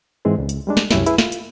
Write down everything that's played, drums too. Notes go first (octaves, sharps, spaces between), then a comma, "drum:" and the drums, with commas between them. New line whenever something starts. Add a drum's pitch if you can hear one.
G#2 E3 G#3 C4 G#4
C#2
drum: hi-hat
G3 G#3 D4
drum: snare
C2 F#2 C#4 E4 G4, drum: snare
E4 G#4 B4, drum: hi-hat
F4, drum: snare
drum: hi-hat